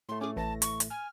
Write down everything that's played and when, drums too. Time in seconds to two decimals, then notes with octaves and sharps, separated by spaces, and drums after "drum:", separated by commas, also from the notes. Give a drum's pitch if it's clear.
0.09 A2 A3 C6
0.21 C#4 G#4 D6
0.36 A1 E3 A5 A#6
0.62 C#6, drum: hi-hat
0.80 drum: hi-hat
0.90 G#5 F6